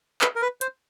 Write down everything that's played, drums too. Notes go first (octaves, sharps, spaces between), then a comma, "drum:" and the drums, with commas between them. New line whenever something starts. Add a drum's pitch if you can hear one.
B4, drum: clap
A#4
B4
C5, drum: hi-hat